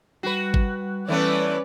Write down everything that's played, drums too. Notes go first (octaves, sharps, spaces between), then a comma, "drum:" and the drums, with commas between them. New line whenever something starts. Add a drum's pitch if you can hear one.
G3 F#4 B4
drum: kick G#1
E3 A3 B3 C#4 B4 D5